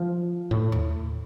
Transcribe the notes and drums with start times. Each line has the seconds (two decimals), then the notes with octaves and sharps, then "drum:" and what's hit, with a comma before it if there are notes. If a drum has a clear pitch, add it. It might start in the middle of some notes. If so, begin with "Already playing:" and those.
Already playing: F3
0.51 A2
0.72 drum: tom D#2